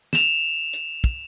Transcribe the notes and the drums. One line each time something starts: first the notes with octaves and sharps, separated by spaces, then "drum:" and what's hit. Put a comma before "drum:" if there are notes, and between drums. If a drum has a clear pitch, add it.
E7 F7, drum: snare
drum: hi-hat
drum: kick